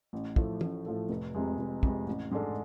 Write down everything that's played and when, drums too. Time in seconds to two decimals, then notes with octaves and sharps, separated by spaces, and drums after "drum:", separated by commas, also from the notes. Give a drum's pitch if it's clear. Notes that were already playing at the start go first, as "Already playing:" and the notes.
0.13 A1
0.36 A2 F3 A3, drum: kick
0.61 A1, drum: tom
0.86 A2 F3 A3
1.09 F1
1.35 F2 C3 G#3
1.58 F1
1.83 F2 C3 G#3, drum: kick
2.06 A1
2.31 G#2 G#3 D4 A4